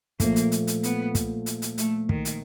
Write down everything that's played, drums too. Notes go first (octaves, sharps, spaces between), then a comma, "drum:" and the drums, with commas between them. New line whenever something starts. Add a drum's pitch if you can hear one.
A#2 F3 A3 A#3, drum: kick, hi-hat
drum: hi-hat
drum: hi-hat
drum: hi-hat
B3, drum: hi-hat
drum: kick, hi-hat
drum: hi-hat
drum: hi-hat
A3, drum: hi-hat
D#3, drum: kick
drum: hi-hat